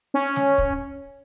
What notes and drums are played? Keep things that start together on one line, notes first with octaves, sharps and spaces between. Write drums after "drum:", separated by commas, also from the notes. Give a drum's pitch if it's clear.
C#4
drum: snare
drum: kick